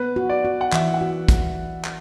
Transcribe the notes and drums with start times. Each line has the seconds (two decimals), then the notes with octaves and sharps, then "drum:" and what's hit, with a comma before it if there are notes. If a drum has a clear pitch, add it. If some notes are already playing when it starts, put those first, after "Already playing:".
Already playing: B3 B4
0.16 F#4
0.29 D5
0.45 F#4
0.61 F#5
0.73 E3 E5, drum: clap
0.94 F#5
1.01 F#4
1.28 drum: kick, hi-hat
1.85 drum: clap